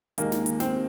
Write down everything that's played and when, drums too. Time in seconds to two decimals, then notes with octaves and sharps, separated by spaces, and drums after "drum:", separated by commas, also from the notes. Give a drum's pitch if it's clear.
0.18 D#2 D#3 G#3 A#3 D#4, drum: hi-hat
0.32 drum: snare
0.46 drum: hi-hat
0.60 C4, drum: snare